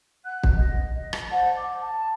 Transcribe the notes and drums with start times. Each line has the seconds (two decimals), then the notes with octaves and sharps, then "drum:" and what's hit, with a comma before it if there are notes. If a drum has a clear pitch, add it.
0.25 F#5 F#6
0.43 drum: kick
0.55 D#5
0.94 D#5
1.13 drum: rim click
1.31 C5 D5 F#5 A5
1.56 D6
1.82 A5